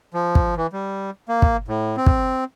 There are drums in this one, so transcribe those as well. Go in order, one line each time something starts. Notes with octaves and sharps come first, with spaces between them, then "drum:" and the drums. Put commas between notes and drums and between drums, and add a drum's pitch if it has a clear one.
F3
drum: kick
E3
G3
A#3
drum: kick
A2
C4
drum: kick